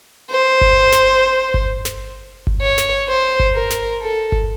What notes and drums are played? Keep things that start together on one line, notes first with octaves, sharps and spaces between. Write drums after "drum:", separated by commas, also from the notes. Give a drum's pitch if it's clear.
C5
drum: kick G1
drum: snare
drum: kick G1
drum: snare
drum: kick G1
C#5
drum: snare
C5
drum: kick G1
A#4
drum: snare
A4
drum: kick G1